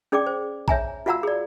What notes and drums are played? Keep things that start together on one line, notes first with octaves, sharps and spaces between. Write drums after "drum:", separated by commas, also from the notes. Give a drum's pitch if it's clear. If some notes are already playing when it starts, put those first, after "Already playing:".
C#4 G#4 D5 G5 D6
C5
C#5 E5 G#5 A#5, drum: kick
F4 F#4 F5 F#5 A#5 E6
G#4 D5